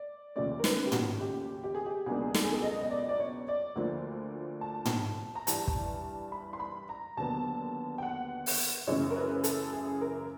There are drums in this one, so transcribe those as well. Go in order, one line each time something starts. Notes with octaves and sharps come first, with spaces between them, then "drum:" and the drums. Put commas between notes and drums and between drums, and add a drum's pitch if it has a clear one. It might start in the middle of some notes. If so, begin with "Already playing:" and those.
Already playing: D5
D#2 C#3 F3 A3 C#4 D5
A#4
B4, drum: snare
G4
F#4, drum: tom
G4
G4
G#4
G4
C#2 B2 F#3 A#3 D4 G#4
A4, drum: snare
G#4
A4
D#5
D#5
D5
D5
C#5
D5
D2 D3 F3 A#3 D4
A5
drum: tom
A#5
G2 E3 G3 A5, drum: hi-hat
drum: kick
B5
C6
B5
A#5
D#2 D3 F#3 B3 A5
G5
F#5
drum: open hi-hat
F#2 C#3 E3 A3 C#4 C#5
A#4
B4
A4, drum: hi-hat
G#4
A#4